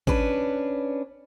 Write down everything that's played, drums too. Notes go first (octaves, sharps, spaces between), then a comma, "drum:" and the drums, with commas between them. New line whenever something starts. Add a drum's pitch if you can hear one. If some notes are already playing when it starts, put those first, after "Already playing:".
C#4 D4 B4, drum: kick